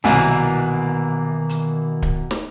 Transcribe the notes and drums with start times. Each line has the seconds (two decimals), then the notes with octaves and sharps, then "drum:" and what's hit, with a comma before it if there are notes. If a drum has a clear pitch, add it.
0.04 C2 B2 D#3 E3 A#3 G#5
1.49 drum: hi-hat
2.02 drum: kick D1
2.31 drum: snare